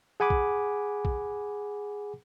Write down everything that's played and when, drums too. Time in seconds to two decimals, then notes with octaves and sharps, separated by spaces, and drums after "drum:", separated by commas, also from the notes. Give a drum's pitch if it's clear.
0.20 G#4 F#5 G#5 B5 D6
0.30 drum: kick
1.05 drum: kick